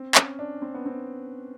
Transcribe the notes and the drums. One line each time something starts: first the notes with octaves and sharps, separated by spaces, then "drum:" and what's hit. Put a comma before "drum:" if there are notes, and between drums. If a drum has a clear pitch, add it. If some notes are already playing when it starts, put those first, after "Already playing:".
Already playing: C4
C#4, drum: clap
D4
C4
B3
C4